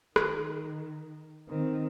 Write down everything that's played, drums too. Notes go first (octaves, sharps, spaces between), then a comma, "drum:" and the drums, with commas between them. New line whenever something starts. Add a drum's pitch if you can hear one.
D#3, drum: rim click
D#3 C4